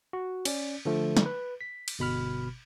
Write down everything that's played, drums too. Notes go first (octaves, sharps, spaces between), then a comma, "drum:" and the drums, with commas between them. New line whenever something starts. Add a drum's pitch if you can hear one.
F#4
C#4 D5, drum: cymbal
D3 F3 A3
drum: snare
B4
B6
drum: cymbal
G1 B2 B5 F6